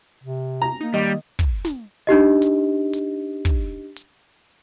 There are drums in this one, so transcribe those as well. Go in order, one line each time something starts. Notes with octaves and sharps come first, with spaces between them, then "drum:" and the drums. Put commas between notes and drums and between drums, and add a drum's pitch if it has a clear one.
C3
A#5
A#3 D#4
D#3 G3 D#5
drum: kick, hi-hat
drum: snare
D4 D#4 G4 D#5
drum: hi-hat
drum: hi-hat
drum: kick, hi-hat
drum: hi-hat